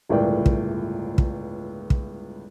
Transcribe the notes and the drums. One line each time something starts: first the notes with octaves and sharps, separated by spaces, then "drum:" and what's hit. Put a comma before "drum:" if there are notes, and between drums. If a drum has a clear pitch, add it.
G1 C#2 A2 A#4 D5 G5
drum: kick
drum: kick
drum: kick